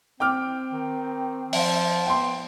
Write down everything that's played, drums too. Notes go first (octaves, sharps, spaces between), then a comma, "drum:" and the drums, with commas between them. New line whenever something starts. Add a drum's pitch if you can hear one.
C4 G5 D6 F6
D#3
F3, drum: open hi-hat
B3 G5 C6